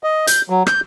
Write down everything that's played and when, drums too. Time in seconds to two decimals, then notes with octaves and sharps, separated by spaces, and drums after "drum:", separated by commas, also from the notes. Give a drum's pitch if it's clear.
0.03 D#5
0.27 G6, drum: hi-hat
0.50 F#3
0.67 G6, drum: rim click